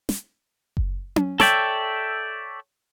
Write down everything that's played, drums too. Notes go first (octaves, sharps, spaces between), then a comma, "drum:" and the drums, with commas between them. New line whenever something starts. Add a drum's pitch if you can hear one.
drum: snare
drum: kick F#1
drum: tom C#4
A4 C#5 D5 E5 G5, drum: snare